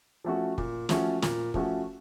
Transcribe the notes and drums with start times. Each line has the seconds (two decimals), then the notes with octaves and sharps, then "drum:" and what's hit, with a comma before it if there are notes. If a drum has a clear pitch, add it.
0.24 F3 A3 C#4 F#4
0.58 A#2, drum: kick
0.89 F3 A3 C#4 F#4, drum: snare
1.22 A#2, drum: snare
1.54 F3 A3 C#4 F#4, drum: kick